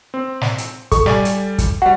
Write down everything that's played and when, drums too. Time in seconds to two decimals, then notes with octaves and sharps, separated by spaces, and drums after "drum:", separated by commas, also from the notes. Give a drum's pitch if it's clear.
0.14 C4
0.41 drum: snare
0.58 drum: hi-hat
0.92 A4 C#6, drum: kick, hi-hat
1.06 G3 D5 G#5, drum: snare
1.25 drum: hi-hat
1.58 drum: kick, hi-hat
1.82 G3 F#4 F#5